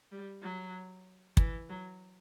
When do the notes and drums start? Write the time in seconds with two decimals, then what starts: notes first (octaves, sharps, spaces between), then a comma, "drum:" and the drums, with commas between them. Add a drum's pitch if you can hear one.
0.12 G3
0.42 F#3
1.37 E3, drum: kick
1.69 F#3